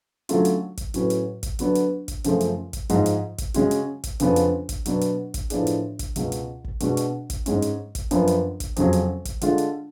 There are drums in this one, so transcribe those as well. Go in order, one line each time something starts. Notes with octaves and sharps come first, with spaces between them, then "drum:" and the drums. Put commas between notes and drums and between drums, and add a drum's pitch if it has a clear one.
D3 F#3 A3 C#4 F4, drum: hi-hat
drum: hi-hat
drum: kick, hi-hat
A2 F#3 C#4 F#4 B4, drum: hi-hat
drum: hi-hat
drum: kick, hi-hat
D3 F#3 B3 D4, drum: hi-hat
drum: hi-hat
drum: kick, hi-hat
F#2 C#3 F3 A3 F4, drum: hi-hat
drum: hi-hat
drum: kick, hi-hat
G#2 F3 G#3, drum: hi-hat
drum: hi-hat
drum: kick, hi-hat
C#3 G#3 C#4 F#4, drum: hi-hat
drum: hi-hat
drum: kick, hi-hat
F2 C#3 F3 B3 D4, drum: hi-hat
drum: hi-hat
drum: kick, hi-hat
B2 F#3 B3 D4, drum: hi-hat
drum: hi-hat
drum: kick, hi-hat
A2 F3 B3 D4 G#4, drum: hi-hat
drum: hi-hat
drum: kick, hi-hat
C#2 B2 G#3, drum: hi-hat
drum: hi-hat
drum: kick
B2 G#3 D4 F#4, drum: hi-hat
drum: hi-hat
drum: kick, hi-hat
G#2 G#3 C#4, drum: hi-hat
drum: hi-hat
drum: kick, hi-hat
F#2 F3 B3 D4, drum: hi-hat
drum: hi-hat
drum: kick, hi-hat
F2 C#3 F#3, drum: hi-hat
drum: hi-hat
drum: kick, hi-hat
D3 G#3 D4 F4, drum: hi-hat
drum: hi-hat